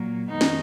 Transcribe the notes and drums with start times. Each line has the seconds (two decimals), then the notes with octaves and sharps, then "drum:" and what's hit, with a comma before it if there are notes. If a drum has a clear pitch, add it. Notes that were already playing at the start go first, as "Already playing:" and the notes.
Already playing: A#2 F#3 A#3
0.30 F2 D#3 G#3 B3 D#4
0.41 drum: snare